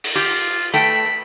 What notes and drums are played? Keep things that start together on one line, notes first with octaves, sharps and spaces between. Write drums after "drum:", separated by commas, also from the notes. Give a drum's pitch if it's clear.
drum: cymbal
F4 G4
A3 G5 B5